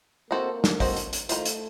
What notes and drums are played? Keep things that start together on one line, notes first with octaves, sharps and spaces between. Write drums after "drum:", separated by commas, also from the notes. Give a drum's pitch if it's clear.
A#3 C4 F#4 A4 C5 D#5
drum: snare
C4 F#4 A4 C5 D#5, drum: kick, open hi-hat
drum: hi-hat
drum: hi-hat
D#3 A3 A#3 F4 C5, drum: hi-hat
drum: hi-hat